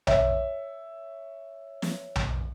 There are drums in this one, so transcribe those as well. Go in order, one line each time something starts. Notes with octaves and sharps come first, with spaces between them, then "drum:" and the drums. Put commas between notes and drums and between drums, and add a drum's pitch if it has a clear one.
C#5 E5, drum: tom A#1
drum: snare
drum: tom A#1